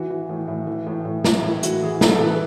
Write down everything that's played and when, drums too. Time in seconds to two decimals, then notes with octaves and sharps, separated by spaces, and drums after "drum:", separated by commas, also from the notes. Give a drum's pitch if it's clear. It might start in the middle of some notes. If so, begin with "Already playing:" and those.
Already playing: E3 F#4
0.10 E3
0.29 A2
0.48 A2
0.67 E3
0.87 A2
1.05 A2
1.24 E3, drum: snare
1.44 A2 E4
1.63 A2 F#4, drum: hi-hat
1.83 E3 G#4
2.01 A2 A4, drum: snare
2.11 A4
2.21 E3 B4